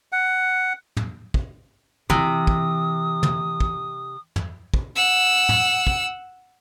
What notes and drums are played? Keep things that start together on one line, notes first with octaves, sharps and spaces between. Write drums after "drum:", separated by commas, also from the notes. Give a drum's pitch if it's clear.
F#5
drum: tom
drum: kick
C3 E3 D#6, drum: tom
drum: kick
drum: tom
drum: kick
drum: tom
drum: kick
F#5 E6
drum: tom
drum: kick